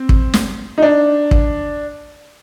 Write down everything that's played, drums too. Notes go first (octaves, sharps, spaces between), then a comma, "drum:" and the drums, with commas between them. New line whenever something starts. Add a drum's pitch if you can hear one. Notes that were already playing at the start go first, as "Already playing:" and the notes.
Already playing: C4
drum: kick
drum: snare
D#4
D4
drum: kick